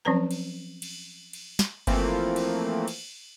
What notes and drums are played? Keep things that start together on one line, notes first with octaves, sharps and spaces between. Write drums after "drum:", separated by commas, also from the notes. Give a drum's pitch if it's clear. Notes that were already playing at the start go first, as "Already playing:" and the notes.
F3 F#3 C4 C#4 B4 A#5
drum: cymbal
drum: cymbal
drum: cymbal
drum: snare
E3 F3 A3 A#3 C4, drum: kick G1, cymbal
drum: cymbal
drum: cymbal